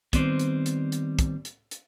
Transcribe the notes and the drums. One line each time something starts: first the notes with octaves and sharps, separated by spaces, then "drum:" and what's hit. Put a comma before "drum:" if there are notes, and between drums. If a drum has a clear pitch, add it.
D#3 G3 B3 C4 C5 D5, drum: kick, hi-hat
drum: hi-hat
drum: hi-hat
drum: hi-hat
drum: kick, hi-hat
drum: hi-hat
drum: hi-hat